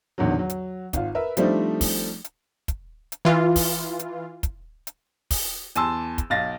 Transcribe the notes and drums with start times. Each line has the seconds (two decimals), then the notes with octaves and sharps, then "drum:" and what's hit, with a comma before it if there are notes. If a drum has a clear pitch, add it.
0.18 A#1 E2 D3 D#3 F#3
0.39 F#3
0.50 drum: hi-hat
0.93 G#1 F4, drum: kick, hi-hat
1.15 A#4 B4 E5
1.37 F3 G3 A3 C4 D4 D#4, drum: hi-hat
1.81 drum: kick, open hi-hat
2.24 drum: hi-hat
2.68 drum: kick, hi-hat
3.12 drum: hi-hat
3.25 E3 F4
3.56 drum: kick, open hi-hat
3.99 drum: hi-hat
4.43 drum: kick, hi-hat
4.87 drum: hi-hat
5.31 drum: kick, open hi-hat
5.75 E2 G#5 A5 C6 E6, drum: hi-hat
6.18 drum: kick, hi-hat
6.30 B1 F5 A6 A#6